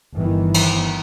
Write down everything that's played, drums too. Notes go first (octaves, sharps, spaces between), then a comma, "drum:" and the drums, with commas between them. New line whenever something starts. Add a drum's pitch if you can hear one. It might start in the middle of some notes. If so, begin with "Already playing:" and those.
G1 D#3 E3
drum: cymbal